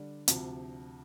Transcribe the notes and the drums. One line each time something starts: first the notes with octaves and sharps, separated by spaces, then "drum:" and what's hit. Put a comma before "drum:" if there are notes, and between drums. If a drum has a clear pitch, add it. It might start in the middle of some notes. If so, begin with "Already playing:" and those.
Already playing: D3 G3 D4
D2 C3 F3, drum: hi-hat